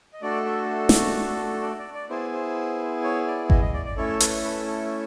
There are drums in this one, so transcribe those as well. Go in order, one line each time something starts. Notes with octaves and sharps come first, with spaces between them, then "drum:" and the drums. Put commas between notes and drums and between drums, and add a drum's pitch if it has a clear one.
D#5
A3 D4 F#4 A4 D5
E5
drum: snare
D5
D5
D5
B3 E4 G#4 C5
C5
C#5
D5
D#5, drum: kick G#1
D#5
D5
D5
A3 C#4 E4 A4 C#5
B4, drum: hi-hat
B4
A4